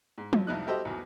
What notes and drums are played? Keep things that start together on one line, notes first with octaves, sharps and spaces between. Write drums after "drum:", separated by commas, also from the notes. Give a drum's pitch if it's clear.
G#2
F3 F#3, drum: tom
C2 F2 G3 D#4 D#5 F#6
E4 F#4 G4 A4 C5 D#5
B1 E2 B2